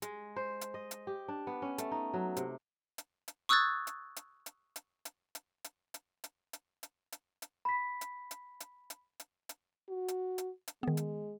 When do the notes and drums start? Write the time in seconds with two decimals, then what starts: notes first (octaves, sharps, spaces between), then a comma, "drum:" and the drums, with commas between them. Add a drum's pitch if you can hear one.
0.02 G#3, drum: hi-hat
0.36 C5
0.61 drum: hi-hat
0.74 D#5
0.91 drum: hi-hat
1.07 G4
1.28 D4
1.47 B3
1.62 C#4
1.78 A3, drum: hi-hat
1.91 D#4
2.14 F#3
2.37 C3, drum: hi-hat
2.98 drum: hi-hat
3.28 drum: hi-hat
3.49 C#6 D#6 E6 F#6 G#6 A6
3.87 drum: hi-hat
4.16 drum: hi-hat
4.46 drum: hi-hat
4.76 drum: hi-hat
5.05 drum: hi-hat
5.35 drum: hi-hat
5.64 drum: hi-hat
5.94 drum: hi-hat
6.24 drum: hi-hat
6.53 drum: hi-hat
6.83 drum: hi-hat
7.12 drum: hi-hat
7.42 drum: hi-hat
7.65 B5 B6
8.01 drum: hi-hat
8.31 drum: hi-hat
8.60 drum: hi-hat
8.90 drum: hi-hat
9.20 drum: hi-hat
9.49 drum: hi-hat
9.89 F#4
10.08 drum: hi-hat
10.38 drum: hi-hat
10.68 drum: hi-hat
10.83 D#3 G#3 B3
10.97 drum: hi-hat